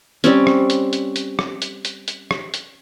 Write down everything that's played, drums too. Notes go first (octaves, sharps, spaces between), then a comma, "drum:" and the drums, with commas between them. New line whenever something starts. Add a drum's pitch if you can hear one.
G3 C4 C#4, drum: hi-hat
drum: rim click
drum: hi-hat
drum: hi-hat
drum: hi-hat
drum: rim click
drum: hi-hat
drum: hi-hat
drum: hi-hat
drum: rim click
drum: hi-hat